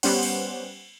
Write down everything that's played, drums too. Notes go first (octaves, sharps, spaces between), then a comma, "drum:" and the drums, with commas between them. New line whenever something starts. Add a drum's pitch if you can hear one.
G3 B3 C#4 C5 F#5, drum: cymbal
drum: open hi-hat